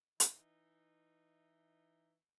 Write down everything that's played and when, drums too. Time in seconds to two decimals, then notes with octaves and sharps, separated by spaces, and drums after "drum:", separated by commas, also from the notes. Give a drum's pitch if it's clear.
0.20 E3 D#4, drum: hi-hat